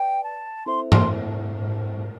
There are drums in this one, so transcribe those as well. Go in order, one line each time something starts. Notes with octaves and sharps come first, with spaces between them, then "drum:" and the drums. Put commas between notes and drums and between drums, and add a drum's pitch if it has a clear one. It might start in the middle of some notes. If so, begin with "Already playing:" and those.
Already playing: B4 D5 G5
A5
C4 E4 A4 C5 E5 C6
C6, drum: tom G#2